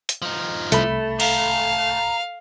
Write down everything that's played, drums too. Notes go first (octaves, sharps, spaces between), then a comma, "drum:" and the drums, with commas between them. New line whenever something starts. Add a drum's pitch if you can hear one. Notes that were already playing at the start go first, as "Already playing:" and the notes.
drum: hi-hat
F3 D#4
C2 A3 B5, drum: hi-hat
F5 A5 A#5, drum: cymbal